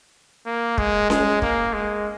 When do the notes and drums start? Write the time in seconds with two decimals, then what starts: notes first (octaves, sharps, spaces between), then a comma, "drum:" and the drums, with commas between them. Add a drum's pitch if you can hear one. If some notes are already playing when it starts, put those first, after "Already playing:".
0.46 A#3
0.78 G#3, drum: kick
1.10 G#3, drum: snare C#4
1.42 A#3, drum: kick
1.73 G#3